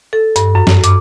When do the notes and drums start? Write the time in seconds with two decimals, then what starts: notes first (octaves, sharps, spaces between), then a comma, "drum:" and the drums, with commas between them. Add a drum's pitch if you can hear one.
0.13 A4
0.36 G2, drum: hi-hat
0.55 F#2
0.67 drum: snare
0.84 D6, drum: hi-hat